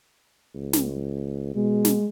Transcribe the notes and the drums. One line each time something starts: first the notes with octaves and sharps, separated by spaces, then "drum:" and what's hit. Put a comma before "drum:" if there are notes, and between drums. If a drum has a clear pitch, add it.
C#2
drum: snare
B2 G#3
drum: snare